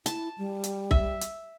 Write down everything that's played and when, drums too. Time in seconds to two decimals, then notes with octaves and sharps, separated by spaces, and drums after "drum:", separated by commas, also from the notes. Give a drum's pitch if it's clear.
0.06 E4 A5, drum: hi-hat
0.38 G3
0.64 drum: hi-hat
0.91 E5, drum: kick B1
1.21 drum: hi-hat